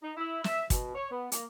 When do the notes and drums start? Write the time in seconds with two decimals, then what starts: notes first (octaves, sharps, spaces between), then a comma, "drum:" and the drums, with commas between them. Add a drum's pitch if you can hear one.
0.03 D#4
0.17 E4
0.44 E5, drum: snare
0.70 B2, drum: kick, hi-hat
0.95 C#5
1.11 B3
1.32 A#3, drum: hi-hat